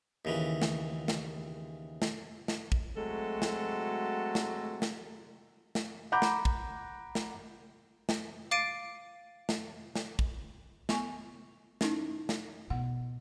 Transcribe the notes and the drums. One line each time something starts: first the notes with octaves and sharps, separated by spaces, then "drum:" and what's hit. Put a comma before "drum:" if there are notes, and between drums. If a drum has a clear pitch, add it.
D#2 C#3 E3
drum: snare
drum: snare
drum: snare
drum: snare
drum: kick
F#3 G#3 A3 C4 F#4 A4
drum: snare
drum: snare
drum: snare
drum: snare
F#5 A#5 B5 D6 G6
drum: snare
drum: kick
drum: snare
drum: snare
F5 D6 A6 C7 D7 D#7
drum: snare
drum: snare
drum: kick
B3 G#5 C#6, drum: snare
C#4 D#4 E4, drum: snare
drum: snare
B2 F#5